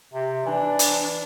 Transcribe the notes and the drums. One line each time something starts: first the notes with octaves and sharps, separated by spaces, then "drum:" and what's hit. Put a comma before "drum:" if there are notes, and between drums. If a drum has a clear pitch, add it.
C3
E3 D4
drum: hi-hat